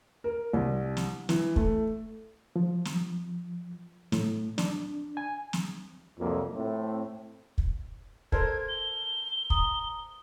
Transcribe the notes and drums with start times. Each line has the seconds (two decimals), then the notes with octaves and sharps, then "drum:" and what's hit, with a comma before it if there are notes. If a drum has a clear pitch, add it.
0.24 A#4
0.53 C2
0.97 drum: snare
1.29 E3, drum: snare
1.56 A3, drum: kick
2.56 F3
2.85 drum: snare
4.12 A2, drum: snare
4.58 D4, drum: snare
5.17 G#5
5.53 drum: snare
6.20 C2 F2 F#3 A#3
6.54 A2 A3 C4
7.58 drum: kick
8.32 A4 A#4 C5 G#6, drum: kick
8.68 G7
9.50 A#5 D#6, drum: kick